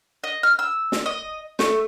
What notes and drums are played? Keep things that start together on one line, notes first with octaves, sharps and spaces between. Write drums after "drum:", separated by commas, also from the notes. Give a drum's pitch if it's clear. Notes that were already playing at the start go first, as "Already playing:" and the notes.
D#5
F6
E6
drum: snare
D#5
A3, drum: snare